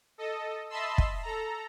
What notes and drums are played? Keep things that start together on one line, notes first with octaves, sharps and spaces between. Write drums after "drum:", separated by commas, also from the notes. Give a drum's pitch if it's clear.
A4 D#5
D#5 E5 A5 B5 C6 E6
drum: kick
A4 A#5